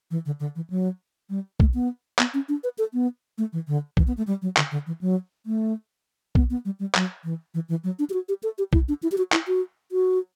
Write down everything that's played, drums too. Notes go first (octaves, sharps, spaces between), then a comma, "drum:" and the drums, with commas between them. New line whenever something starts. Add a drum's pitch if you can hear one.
E3
D3
D3
E3
F#3
G3
A3, drum: kick B1
B3
B3, drum: clap
C#4
D4
B4
A4
B3
A3
E3
D3
E3, drum: kick B1
B3
A3
G3
F#3
D3, drum: clap
D3
E3
F#3
A3
B3, drum: kick B1
B3
G3
G3
F#3, drum: clap
E3
E3
E3
F#3
D4
G4
F#4
G4
A4
G4
E4, drum: kick B1
D4
E4
G4
F#4
E4, drum: clap
F#4
F#4